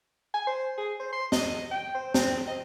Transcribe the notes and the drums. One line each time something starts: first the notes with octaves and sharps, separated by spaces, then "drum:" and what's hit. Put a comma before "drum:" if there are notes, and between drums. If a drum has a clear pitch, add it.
G#5
C5
G#4
C5
C6
D#5, drum: snare
G5
C5
C4, drum: snare
C4
D#5